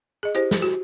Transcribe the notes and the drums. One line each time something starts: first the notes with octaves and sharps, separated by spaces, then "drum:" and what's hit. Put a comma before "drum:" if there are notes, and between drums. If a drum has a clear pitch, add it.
G#4 D#5
E4 G4 C5, drum: hi-hat
drum: snare
F#4